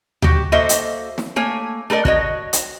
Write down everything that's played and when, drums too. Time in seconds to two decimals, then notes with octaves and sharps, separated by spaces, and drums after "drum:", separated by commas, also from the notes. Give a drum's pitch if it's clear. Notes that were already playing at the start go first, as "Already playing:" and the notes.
0.22 F#4 G4, drum: tom D2
0.52 A#3 F#4 A4 C5 D#5 E5
0.69 drum: hi-hat
1.18 drum: snare
1.36 A3 A#3 C#5 G#5
1.90 A3 A4 A#4 D5 D#5
2.05 F#4 C#5 D#5, drum: kick
2.53 drum: hi-hat